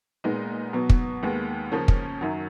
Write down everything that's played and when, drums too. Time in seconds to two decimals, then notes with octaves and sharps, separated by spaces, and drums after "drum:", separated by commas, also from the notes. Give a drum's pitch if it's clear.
0.24 A#2 G#3 B3 D#4
0.73 B2 F#3 B3
0.90 drum: kick
1.23 D#2 D#3 G#3 B3
1.72 C#3 F3 A#3 C#4
1.88 drum: kick
2.21 F#2 D#3 F#3